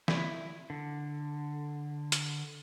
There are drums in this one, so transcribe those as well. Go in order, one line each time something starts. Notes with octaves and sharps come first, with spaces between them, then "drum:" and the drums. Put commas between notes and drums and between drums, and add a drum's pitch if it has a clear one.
E4, drum: snare
D3
drum: hi-hat